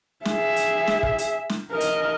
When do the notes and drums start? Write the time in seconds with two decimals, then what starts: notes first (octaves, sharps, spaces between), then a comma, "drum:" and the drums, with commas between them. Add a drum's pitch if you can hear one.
0.25 G#4 E5, drum: snare
0.56 drum: hi-hat
0.87 drum: snare
1.03 drum: kick
1.18 drum: hi-hat
1.49 drum: snare
1.71 A#4 D#5
1.81 drum: hi-hat